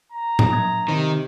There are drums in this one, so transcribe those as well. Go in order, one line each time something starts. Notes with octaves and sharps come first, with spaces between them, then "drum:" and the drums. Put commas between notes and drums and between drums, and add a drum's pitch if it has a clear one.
A#5
drum: tom A2
A#1 D#6 G#6
C3 D#3 C5